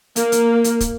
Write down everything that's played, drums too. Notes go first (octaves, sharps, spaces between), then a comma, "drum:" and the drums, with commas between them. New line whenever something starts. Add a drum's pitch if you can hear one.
A#3, drum: hi-hat
drum: hi-hat
drum: hi-hat
drum: kick, hi-hat